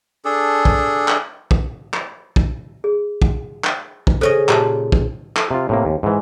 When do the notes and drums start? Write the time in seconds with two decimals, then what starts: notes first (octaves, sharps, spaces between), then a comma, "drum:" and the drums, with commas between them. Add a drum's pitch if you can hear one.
0.25 D4 G#4 A4
0.65 drum: kick
1.08 drum: clap
1.51 drum: kick
1.93 drum: clap
2.36 drum: kick
2.84 G#4
3.22 drum: kick
3.64 drum: clap
4.07 drum: kick
4.21 C#3 C#4 A4 C5 D#5
4.49 A#2 G4 A5, drum: clap
4.92 drum: kick
5.36 A4, drum: clap
5.51 C3 F4
5.69 A2 C3 A#3
5.85 D#2
6.03 G#2 E3